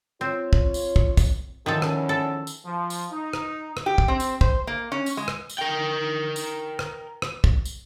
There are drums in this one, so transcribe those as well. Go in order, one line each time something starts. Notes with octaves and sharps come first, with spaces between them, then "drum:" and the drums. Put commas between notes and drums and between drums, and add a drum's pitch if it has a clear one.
C4 F4 C#5
drum: kick
drum: tambourine
drum: kick
drum: kick, tambourine
E2 D#3 F3 C#4 A4
drum: rim click
A4
drum: tambourine
F3
drum: tambourine
D#4
drum: rim click
drum: rim click
G4
drum: kick
C4
drum: tambourine
C5, drum: kick
A#3
C#4
drum: tambourine
G#3
drum: rim click
drum: tambourine
A#4 G5
drum: tambourine
drum: rim click
drum: rim click
drum: kick
drum: tambourine